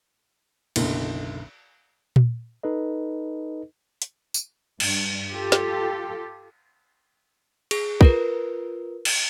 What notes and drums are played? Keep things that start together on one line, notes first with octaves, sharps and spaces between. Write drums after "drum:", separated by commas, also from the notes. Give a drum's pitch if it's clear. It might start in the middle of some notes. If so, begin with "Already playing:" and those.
F#1 B1 D3, drum: cymbal
drum: tom A#2
D#4 A4 B4 D#5
drum: hi-hat
drum: tambourine
G2, drum: cymbal
F4 G4 A4
drum: snare
G#4, drum: cymbal
F4 A#4 B4, drum: kick
drum: cymbal